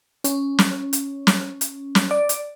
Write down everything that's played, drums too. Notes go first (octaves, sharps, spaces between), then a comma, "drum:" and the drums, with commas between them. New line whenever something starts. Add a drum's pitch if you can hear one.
C#4, drum: hi-hat
drum: snare
drum: hi-hat
drum: snare
drum: hi-hat
drum: snare
D5
drum: hi-hat